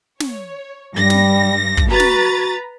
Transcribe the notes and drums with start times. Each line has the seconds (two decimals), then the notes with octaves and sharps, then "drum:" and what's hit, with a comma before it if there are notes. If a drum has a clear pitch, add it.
0.20 C#5, drum: snare
0.94 G2 G3 A#6
1.10 drum: snare
1.77 drum: kick
1.89 F#4 B4 A#5 A6
2.00 drum: snare